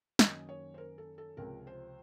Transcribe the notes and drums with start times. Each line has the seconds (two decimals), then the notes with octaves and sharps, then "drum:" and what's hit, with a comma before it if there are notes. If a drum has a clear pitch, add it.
0.19 F#2 D#3 A#3 C#4 D#5, drum: snare
0.49 C#5
0.74 C5
0.78 A#4
0.98 A4
1.18 A4
1.37 C#2 C3 F3 A#4
1.67 C5